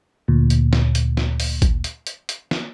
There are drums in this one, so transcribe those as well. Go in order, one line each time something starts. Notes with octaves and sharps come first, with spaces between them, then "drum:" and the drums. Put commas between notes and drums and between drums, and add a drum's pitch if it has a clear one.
D2 A#2
drum: hi-hat
drum: snare
drum: hi-hat
drum: snare
drum: open hi-hat
drum: kick G#1, hi-hat
drum: hi-hat
drum: hi-hat
drum: hi-hat
drum: snare